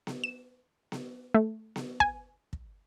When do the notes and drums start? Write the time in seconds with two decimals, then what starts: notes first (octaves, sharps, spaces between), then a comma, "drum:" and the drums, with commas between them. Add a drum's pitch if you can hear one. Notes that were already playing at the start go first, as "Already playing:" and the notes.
0.07 drum: snare B3
0.24 E7
0.92 drum: snare B3
1.34 A3
1.76 drum: snare B3
2.00 G#5, drum: kick
2.53 drum: kick